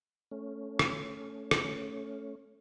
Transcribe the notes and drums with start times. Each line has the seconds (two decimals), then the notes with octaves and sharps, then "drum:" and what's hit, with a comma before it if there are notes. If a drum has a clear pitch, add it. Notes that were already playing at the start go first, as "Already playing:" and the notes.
0.31 A3 C#4
0.79 drum: rim click
1.51 drum: rim click